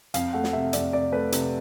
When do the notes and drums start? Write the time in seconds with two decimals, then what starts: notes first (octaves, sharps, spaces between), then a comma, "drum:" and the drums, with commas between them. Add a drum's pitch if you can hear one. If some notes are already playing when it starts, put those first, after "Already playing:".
0.14 F2 F5, drum: hi-hat
0.33 A3 F#5
0.44 drum: snare
0.53 C3 E5
0.73 F2 D5, drum: hi-hat
0.93 C3 D5
1.12 A3 B4
1.32 C3, drum: hi-hat